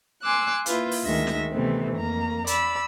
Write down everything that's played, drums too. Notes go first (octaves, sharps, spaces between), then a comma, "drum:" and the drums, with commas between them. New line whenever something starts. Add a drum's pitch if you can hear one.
G#5 C6 D6 E6 F#6
A#3 E4 F4 B4 G6, drum: hi-hat
drum: open hi-hat
D2 D#3 G#3 E5 A#6
drum: snare
C3 D#3 E3 A3 B3 C4
F2 A#3 A#5
D5 B5 E6, drum: hi-hat